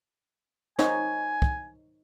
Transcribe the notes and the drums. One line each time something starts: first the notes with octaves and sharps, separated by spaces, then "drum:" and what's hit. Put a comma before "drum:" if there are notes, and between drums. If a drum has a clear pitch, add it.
D#4 C5 C#5 G#5, drum: snare
drum: kick